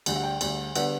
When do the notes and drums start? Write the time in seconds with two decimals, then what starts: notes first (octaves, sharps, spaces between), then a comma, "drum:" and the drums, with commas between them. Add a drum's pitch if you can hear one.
0.06 D2 D3 G3, drum: cymbal
0.16 F#5
0.23 G5
0.41 D2 D3 G3, drum: cymbal
0.75 D3 G3 B3 F#5, drum: cymbal